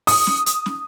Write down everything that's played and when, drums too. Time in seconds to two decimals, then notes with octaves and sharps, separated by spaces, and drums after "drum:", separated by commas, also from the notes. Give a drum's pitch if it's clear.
0.07 D#6, drum: open hi-hat
0.27 drum: snare
0.46 drum: hi-hat
0.66 drum: snare